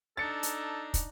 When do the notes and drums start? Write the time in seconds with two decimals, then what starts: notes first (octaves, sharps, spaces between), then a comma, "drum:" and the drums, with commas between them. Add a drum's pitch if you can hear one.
0.17 D4 D#4 A4 A6 C#7
0.43 drum: hi-hat
0.94 drum: kick, hi-hat